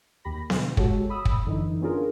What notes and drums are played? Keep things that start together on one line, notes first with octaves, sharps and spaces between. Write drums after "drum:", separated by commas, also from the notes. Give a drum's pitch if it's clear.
D#2 G4 B5 A#6
B2 D3, drum: snare B3
G#3 F#4 G4 A4 C#5, drum: kick
B5 D#6 E6
drum: kick
F#2 D3 E3 D#4
B3 C#4 D4 F4 G#4 A#4